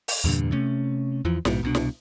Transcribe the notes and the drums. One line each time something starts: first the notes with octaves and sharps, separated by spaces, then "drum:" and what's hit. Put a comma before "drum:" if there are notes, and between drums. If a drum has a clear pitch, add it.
drum: open hi-hat
E2 G2 A#2 D3
C3 A3 C#4
E2 E3 F3
A#1 G#2 B2, drum: snare
C2 B2 D4
drum: snare